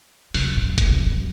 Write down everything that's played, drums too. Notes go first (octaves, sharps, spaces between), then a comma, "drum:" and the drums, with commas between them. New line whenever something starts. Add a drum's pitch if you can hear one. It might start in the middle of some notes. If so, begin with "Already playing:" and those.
C3, drum: open hi-hat
A2
G2, drum: kick F#1, hi-hat
C3
D3
D3